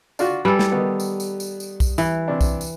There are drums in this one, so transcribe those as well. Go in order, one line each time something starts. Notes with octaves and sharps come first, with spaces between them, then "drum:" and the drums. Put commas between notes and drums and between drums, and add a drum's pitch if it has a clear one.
D4 F4 F#4, drum: tambourine
G3 A4 B4 G#5
drum: snare
D#3 B3
drum: tambourine
drum: tambourine
drum: tambourine
drum: tambourine
drum: kick B1, tambourine
E3, drum: tambourine
C3 D4
drum: kick B1, tambourine
drum: tambourine